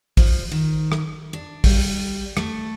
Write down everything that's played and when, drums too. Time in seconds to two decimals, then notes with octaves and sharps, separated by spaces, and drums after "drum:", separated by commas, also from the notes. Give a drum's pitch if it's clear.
0.17 F3, drum: kick, open hi-hat
0.52 D#3
0.92 drum: rim click
1.33 D4
1.64 G3, drum: kick, open hi-hat
2.37 A3, drum: rim click